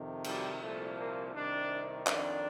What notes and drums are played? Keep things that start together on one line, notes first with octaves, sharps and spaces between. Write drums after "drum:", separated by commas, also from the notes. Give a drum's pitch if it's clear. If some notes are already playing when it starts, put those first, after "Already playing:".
Already playing: F2 C3 D#3
G3, drum: cymbal
C2 A#2 F3 A3
A#3
C2 C3 D#3 D4
F2 D#3 D4, drum: clap